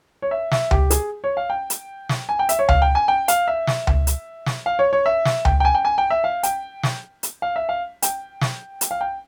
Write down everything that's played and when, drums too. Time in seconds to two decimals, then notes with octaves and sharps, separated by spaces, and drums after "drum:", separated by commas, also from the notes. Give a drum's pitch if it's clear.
0.22 C#5
0.31 E5
0.52 E5, drum: snare
0.71 G4, drum: tom C#2
0.90 G#4, drum: hi-hat
1.24 C#5
1.37 F5
1.50 G5
1.70 drum: hi-hat
2.09 drum: snare
2.29 G#5
2.39 G5
2.49 E5, drum: hi-hat
2.59 C#5
2.69 F5, drum: tom C#2
2.82 G5
2.95 G#5
3.08 G5
3.28 F5, drum: hi-hat
3.48 E5
3.67 drum: snare
3.87 drum: tom C#2
4.07 drum: hi-hat
4.46 drum: snare
4.66 F5
4.79 C#5
4.93 C#5
5.06 E5
5.25 drum: snare
5.45 G5, drum: tom C#2
5.60 G5
5.65 G#5
5.75 G5
5.85 G#5
5.98 G5
6.10 E5
6.24 F5
6.43 G5, drum: hi-hat
6.83 drum: snare
7.23 drum: hi-hat
7.42 F5
7.56 E5
7.69 F5
8.02 G5, drum: hi-hat
8.41 drum: snare
8.81 drum: hi-hat
8.91 F5
9.01 G5